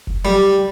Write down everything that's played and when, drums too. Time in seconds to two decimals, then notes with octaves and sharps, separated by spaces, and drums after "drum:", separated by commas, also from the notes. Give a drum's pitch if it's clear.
0.07 drum: kick F1
0.25 G3